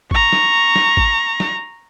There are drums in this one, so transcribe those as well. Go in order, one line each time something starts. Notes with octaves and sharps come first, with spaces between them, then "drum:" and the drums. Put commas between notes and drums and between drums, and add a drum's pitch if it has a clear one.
A#5 C#6, drum: kick G#1
drum: snare
drum: snare
drum: kick G#1
drum: snare